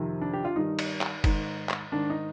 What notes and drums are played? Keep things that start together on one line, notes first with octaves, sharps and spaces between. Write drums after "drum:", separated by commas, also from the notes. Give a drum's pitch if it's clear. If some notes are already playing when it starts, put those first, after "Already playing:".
Already playing: F2 C3 D#3
D4
G4
F4
G2 D#3 D#4
drum: cymbal
drum: clap
G#2 D#3, drum: kick F#1, cymbal
drum: clap
G#2 D#3 D4
D#4